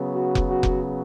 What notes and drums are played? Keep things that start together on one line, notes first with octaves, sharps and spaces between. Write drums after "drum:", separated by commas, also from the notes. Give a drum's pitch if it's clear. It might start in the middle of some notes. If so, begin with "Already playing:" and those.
Already playing: C#3 F#3 B3
F#4
drum: kick F1
F#4
drum: kick F1